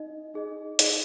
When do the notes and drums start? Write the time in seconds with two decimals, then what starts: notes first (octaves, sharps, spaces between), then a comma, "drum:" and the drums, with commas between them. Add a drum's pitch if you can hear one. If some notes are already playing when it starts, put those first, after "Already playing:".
Already playing: D#4 D#5
0.34 D#4 G#4 D#5
0.79 D#4 G#4 D#5, drum: hi-hat